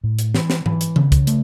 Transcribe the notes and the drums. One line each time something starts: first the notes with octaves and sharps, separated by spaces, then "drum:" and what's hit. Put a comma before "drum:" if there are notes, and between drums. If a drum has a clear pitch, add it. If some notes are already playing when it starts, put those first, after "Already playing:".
A2
drum: hi-hat
E3, drum: snare
drum: snare
E3, drum: tom G#2
drum: hi-hat
C#3, drum: tom D#3
drum: kick C2, hi-hat
A3, drum: hi-hat